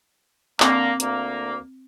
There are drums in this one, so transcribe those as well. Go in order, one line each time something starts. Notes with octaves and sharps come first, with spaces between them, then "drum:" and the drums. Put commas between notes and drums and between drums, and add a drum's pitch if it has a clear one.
D3 A#3 C4, drum: clap
D2 A#3, drum: hi-hat